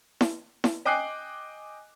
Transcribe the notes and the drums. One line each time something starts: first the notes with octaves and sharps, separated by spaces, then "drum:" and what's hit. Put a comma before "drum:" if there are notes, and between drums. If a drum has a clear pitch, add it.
drum: snare E4
drum: snare E4
D#5 G5 G#5 D6 F#6 C7